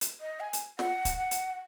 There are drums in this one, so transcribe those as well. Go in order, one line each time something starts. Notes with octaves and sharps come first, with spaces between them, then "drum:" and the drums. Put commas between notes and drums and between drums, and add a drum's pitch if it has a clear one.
drum: hi-hat
D#5
G#5
drum: hi-hat
F#5, drum: snare
drum: kick, hi-hat
F#5
drum: hi-hat